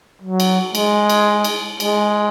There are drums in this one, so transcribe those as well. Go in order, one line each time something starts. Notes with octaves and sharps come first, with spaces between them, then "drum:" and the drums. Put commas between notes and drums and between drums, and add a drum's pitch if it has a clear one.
F#3
drum: cymbal
G#3, drum: cymbal
drum: cymbal
drum: cymbal
G#3, drum: cymbal